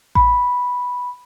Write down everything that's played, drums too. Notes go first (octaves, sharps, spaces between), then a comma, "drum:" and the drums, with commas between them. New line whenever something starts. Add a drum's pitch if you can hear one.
B5, drum: kick A1